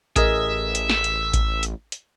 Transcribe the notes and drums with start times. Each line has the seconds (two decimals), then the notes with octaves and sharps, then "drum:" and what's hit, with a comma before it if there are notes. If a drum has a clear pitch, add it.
0.16 A1 G#4 A#4 D#5 E5, drum: kick A1, hi-hat
0.75 drum: hi-hat
0.90 drum: snare
1.04 drum: hi-hat
1.34 drum: kick A1, hi-hat
1.63 drum: hi-hat
1.92 drum: hi-hat